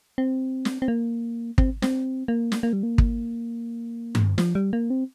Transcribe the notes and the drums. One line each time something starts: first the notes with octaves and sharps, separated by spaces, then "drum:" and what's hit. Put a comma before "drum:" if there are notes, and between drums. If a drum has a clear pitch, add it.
C4
drum: snare
C4
A#3
C4, drum: kick
C4, drum: snare
A#3
drum: snare
A#3
G3
A#3
drum: kick
drum: tom G2
F3, drum: snare
G3
A#3
C4